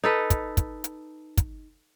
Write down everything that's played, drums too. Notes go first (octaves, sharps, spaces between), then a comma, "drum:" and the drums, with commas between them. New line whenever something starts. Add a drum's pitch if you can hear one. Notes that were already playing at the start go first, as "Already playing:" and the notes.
D#4 A4 B4
drum: kick, hi-hat
drum: kick, hi-hat
drum: hi-hat
drum: kick, hi-hat